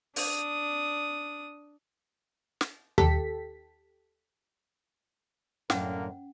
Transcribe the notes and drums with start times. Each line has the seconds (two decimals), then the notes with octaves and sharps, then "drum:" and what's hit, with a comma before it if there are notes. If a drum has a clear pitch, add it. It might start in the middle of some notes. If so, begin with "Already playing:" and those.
0.16 D4 D#6, drum: open hi-hat
2.61 drum: snare
2.98 D#2 G4 A4 B6, drum: tom D#2
5.70 F#2 A2 D3 A#3 C#4 A#4 F#5, drum: snare